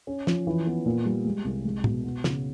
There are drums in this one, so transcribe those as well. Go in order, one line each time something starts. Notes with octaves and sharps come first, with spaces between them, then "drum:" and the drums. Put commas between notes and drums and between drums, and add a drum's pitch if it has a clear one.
C#4
F3, drum: snare
E3
B3
A#2
G3
G#3
C2
G#3
B2, drum: tom
B3
C#3, drum: snare